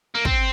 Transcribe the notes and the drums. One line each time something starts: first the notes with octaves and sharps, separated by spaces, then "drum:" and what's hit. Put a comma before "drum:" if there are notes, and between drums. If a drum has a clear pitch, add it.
A#3
C4, drum: kick